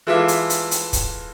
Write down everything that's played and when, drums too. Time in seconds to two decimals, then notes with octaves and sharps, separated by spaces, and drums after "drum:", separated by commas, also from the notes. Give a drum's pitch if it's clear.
0.07 E3 G#3 F4 A4 E5 D6
0.28 drum: hi-hat
0.50 drum: hi-hat
0.71 drum: hi-hat
0.93 drum: kick, hi-hat